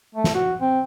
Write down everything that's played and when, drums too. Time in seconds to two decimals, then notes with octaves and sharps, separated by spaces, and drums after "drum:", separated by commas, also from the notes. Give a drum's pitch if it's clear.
0.15 A3
0.24 drum: snare
0.35 F#4
0.61 C4